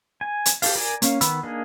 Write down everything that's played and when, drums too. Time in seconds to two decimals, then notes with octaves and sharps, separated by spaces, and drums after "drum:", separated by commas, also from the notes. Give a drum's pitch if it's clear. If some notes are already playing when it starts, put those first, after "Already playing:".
0.21 G#5
0.46 drum: hi-hat
0.62 G4 A4 F5, drum: open hi-hat
0.75 A#4 D5 G#5
1.02 A#3 C#4 F5, drum: hi-hat
1.21 D#3 B3 B5 E6, drum: hi-hat
1.43 A#3 D4 D#4 G#4